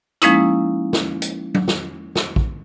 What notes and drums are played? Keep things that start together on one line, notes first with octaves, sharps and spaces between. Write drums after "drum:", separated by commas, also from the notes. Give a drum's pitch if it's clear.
F3 G#3 A#3 C#4 D#4 E4, drum: hi-hat
drum: snare
drum: hi-hat
drum: tom F#3
drum: snare
drum: snare
drum: kick